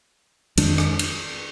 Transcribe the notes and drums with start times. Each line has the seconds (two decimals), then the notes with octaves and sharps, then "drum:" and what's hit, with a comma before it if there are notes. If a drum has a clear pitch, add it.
0.57 F2 D#3 G#3 D4, drum: cymbal
0.78 drum: rim click
0.99 drum: cymbal